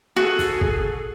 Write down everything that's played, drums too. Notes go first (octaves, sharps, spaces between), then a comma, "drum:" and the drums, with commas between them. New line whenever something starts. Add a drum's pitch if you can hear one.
F#4 G#4 A4
drum: snare
drum: kick